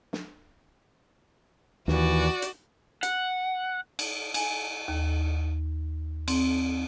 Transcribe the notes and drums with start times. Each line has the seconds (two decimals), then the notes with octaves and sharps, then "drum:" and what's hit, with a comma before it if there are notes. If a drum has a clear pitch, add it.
0.13 drum: snare
1.88 D#2 E3 F#4 D5, drum: snare
2.42 drum: hi-hat
3.03 F#5, drum: hi-hat
3.99 drum: cymbal
4.34 G#5, drum: cymbal
4.88 D#2
6.28 C4, drum: cymbal